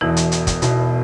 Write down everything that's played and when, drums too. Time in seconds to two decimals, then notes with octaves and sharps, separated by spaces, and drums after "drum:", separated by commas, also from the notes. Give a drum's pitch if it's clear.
0.01 E1 E2 B2 E3 E4
0.17 drum: hi-hat
0.32 drum: hi-hat
0.47 drum: kick, hi-hat
0.62 E1 E2 B2, drum: hi-hat